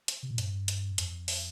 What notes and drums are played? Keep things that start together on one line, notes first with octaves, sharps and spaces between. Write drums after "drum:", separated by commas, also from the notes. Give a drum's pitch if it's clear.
drum: hi-hat
C3
A#2
G2, drum: hi-hat
drum: hi-hat
F2, drum: hi-hat
drum: open hi-hat